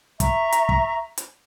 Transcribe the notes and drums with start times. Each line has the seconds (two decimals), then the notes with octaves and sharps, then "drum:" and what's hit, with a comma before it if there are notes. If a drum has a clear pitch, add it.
0.20 E5 A#5 C#6, drum: kick, hi-hat
0.52 drum: hi-hat
0.69 drum: kick
1.18 drum: hi-hat